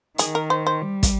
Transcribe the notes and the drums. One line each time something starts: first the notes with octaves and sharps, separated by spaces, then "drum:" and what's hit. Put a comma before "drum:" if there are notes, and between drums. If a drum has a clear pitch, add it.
D#3 G#4, drum: hi-hat
A#4
C5
C5
G3
drum: kick, hi-hat